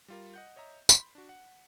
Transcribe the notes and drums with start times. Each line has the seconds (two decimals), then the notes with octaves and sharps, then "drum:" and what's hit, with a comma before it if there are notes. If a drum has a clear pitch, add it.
0.08 G3 F4 A#4
0.34 D#5 F#5 G6
0.56 C#5 D#5 E5 A#5
0.89 B5 C6 B6, drum: tambourine
1.15 D4 F#4
1.29 F#5